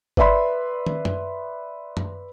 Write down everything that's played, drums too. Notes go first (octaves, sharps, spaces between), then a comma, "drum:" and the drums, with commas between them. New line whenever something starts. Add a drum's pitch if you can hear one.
B4 D5 E5 B5 C6, drum: kick G1
drum: tom
drum: tom F#2
drum: tom F#2